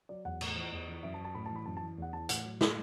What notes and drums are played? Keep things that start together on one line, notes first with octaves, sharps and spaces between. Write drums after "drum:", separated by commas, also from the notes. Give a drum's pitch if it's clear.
F#3 D5
E2 F#5
A2, drum: cymbal
E3
E2
E3
F#2 E5
A5
F#3
A5
A2 B5
A5
E3 B5
F#2 A5
A5
E3
E2 F#5
E3 A5
A2 F#5, drum: hi-hat
F#3
A2, drum: snare